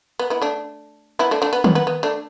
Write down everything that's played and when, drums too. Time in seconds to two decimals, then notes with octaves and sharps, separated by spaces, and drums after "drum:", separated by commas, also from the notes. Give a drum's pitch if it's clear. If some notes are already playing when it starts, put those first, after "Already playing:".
0.19 B3
0.30 B3 E4
0.42 A3 D4
1.19 B3 E4
1.31 A3 D4
1.42 A3 D4
1.53 B3
1.64 B3, drum: tom D#3
1.75 B3
1.87 B3
2.03 A3 D4